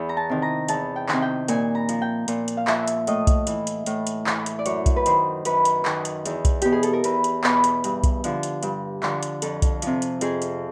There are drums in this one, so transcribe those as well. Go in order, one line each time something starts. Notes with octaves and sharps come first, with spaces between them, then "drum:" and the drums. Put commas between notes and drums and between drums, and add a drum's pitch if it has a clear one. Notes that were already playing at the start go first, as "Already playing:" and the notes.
Already playing: E2
A#5
A5
C3 D#3
A#5
E2 A5, drum: hi-hat
G5
C3 D#3, drum: clap
G5
A#2 G#5, drum: hi-hat
A#5
F3, drum: hi-hat
G5
A#2, drum: hi-hat
drum: hi-hat
F5
F3 E5, drum: clap
drum: hi-hat
A2 D#5, drum: hi-hat
drum: kick B1, hi-hat
E3, drum: hi-hat
drum: hi-hat
A2, drum: hi-hat
drum: hi-hat
E3, drum: clap
drum: hi-hat
D5
F#2 C#5, drum: hi-hat
drum: kick B1, hi-hat
B4
D#3 C5, drum: hi-hat
F#2 B4, drum: hi-hat
drum: hi-hat
D#3, drum: clap
drum: hi-hat
E2, drum: hi-hat
drum: kick B1, hi-hat
B2 G4, drum: hi-hat
G#4
A4, drum: hi-hat
A#4
E2 B4, drum: hi-hat
drum: hi-hat
B2 B4, drum: clap
drum: hi-hat
G2, drum: hi-hat
drum: kick B1, hi-hat
D3 F3, drum: hi-hat
drum: hi-hat
G2, drum: hi-hat
D3 F3, drum: clap
drum: hi-hat
F2 A4, drum: hi-hat
drum: kick B1, hi-hat
C3 F3, drum: hi-hat
drum: hi-hat
F2 G#4, drum: hi-hat
drum: hi-hat